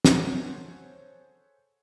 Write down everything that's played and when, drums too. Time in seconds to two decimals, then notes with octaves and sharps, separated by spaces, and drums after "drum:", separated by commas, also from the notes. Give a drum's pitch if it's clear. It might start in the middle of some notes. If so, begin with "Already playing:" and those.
0.05 G#4 A4 C5 C#5 E5 F#5, drum: snare